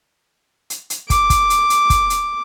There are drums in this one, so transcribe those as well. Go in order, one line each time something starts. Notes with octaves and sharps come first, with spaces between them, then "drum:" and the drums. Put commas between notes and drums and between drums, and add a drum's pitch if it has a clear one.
drum: hi-hat
drum: hi-hat
D6, drum: kick, hi-hat
drum: kick, hi-hat
drum: hi-hat
drum: hi-hat
drum: kick, hi-hat
drum: hi-hat